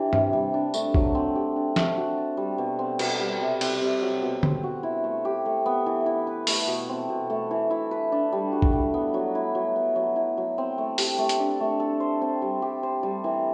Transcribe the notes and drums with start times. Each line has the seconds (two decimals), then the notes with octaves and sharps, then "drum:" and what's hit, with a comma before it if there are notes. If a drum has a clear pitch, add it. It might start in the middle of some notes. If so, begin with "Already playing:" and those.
Already playing: E3 D4 G4
0.13 C3, drum: tom G2
0.33 G3
0.54 D4
0.74 A3, drum: tambourine
0.94 F#3, drum: kick
1.15 C4
1.35 G4
1.56 D4
1.76 A3, drum: snare
1.97 F#4
2.17 A4
2.37 G3
2.58 B2
2.79 C4
2.99 B2, drum: cymbal
3.20 G3
3.40 C3
3.61 C4, drum: cymbal
3.81 C3
4.02 F#3
4.22 B2
4.43 C4, drum: tom
4.63 F#4
4.83 E4
5.04 A3
5.25 G4
5.46 A3
5.66 B3
5.86 E3
6.06 E4
6.27 B4
6.47 A3, drum: open hi-hat
6.67 B2
6.89 C4
7.09 B2
7.30 A3
7.51 E3
7.70 E4
7.91 B4
8.12 D4
8.32 G3
8.52 F#4
8.62 drum: kick
8.73 G3
8.94 B3
9.14 F#3
9.35 E4
9.55 F#3
9.76 B3
9.96 F#3
10.16 E4
10.37 F#3
10.58 C4
10.78 A3
10.98 G4, drum: open hi-hat
11.18 A3
11.29 drum: hi-hat
11.39 D4
11.60 A3
11.80 A4
12.00 C5
12.21 C4
12.42 G3
12.62 G4
12.83 C5
13.03 G3
13.24 E3